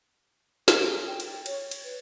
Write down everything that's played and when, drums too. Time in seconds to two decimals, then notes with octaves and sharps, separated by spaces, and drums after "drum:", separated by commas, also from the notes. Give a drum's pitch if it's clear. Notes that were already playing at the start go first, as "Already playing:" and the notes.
0.68 G#4, drum: snare
0.79 A#4
0.89 G#4
1.07 G5
1.20 drum: cymbal
1.46 C#5, drum: cymbal
1.71 drum: cymbal
1.84 B4